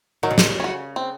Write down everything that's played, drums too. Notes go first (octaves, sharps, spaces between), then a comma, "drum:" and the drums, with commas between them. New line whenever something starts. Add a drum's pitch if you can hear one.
D#3 F#3
C#3
C3, drum: snare
C#3
C#4 F#4
C4